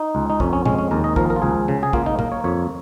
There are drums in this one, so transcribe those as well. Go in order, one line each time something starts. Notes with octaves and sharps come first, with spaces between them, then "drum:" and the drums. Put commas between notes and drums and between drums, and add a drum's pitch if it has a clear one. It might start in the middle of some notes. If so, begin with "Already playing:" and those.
Already playing: D#4
C#2
D#4
F2 C#4, drum: kick
C#4
G#3 C#4, drum: tom
C#4
D#2 A#4
D#5
F3 A#4, drum: kick
A#4
F4
C#2 G#4
C#3
G#4
A#3 F4, drum: kick
D#4
A#3 A#4, drum: tom
C#5
F2 C#5